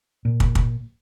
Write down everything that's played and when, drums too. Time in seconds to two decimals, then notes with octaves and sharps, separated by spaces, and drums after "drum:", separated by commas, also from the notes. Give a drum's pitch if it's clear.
0.25 A#2
0.40 drum: kick
0.55 drum: kick